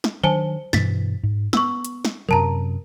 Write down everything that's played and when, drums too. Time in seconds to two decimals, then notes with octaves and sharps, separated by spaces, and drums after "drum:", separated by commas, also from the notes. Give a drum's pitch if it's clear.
0.04 drum: snare
0.24 D#3 F#3 D4 C5 G#5 A5
0.73 G2 B2 E3 A6 B6, drum: snare
1.23 G#2
1.53 B3 C#6 E6, drum: snare
1.85 drum: hi-hat
2.05 drum: snare
2.29 F#2 C3 F#3 A#4 A5 A#5